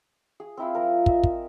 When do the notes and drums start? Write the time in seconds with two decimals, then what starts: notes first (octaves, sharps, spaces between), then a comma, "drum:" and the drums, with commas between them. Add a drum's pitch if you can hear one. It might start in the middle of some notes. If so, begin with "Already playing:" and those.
0.40 G#4
0.57 C4 E4 F4
0.75 F3 A#4
1.06 D#5 E5, drum: kick
1.24 drum: kick